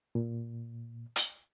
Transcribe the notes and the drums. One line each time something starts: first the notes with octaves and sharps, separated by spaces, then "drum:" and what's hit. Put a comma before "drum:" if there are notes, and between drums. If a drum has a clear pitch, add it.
A#2
drum: hi-hat